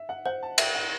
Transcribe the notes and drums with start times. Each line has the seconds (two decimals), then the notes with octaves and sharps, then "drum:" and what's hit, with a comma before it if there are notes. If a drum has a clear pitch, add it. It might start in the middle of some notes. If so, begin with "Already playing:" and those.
Already playing: E5
0.09 F#5
0.26 C5 F#5
0.43 A5
0.58 E5 G5, drum: cymbal
0.75 F#5